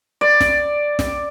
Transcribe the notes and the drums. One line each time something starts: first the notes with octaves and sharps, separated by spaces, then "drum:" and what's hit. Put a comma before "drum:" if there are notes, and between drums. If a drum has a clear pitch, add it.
D5
drum: snare
drum: snare